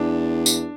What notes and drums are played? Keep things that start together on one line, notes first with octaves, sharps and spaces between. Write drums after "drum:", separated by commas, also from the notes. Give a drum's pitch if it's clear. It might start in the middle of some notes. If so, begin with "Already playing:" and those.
Already playing: E2 D4
drum: tambourine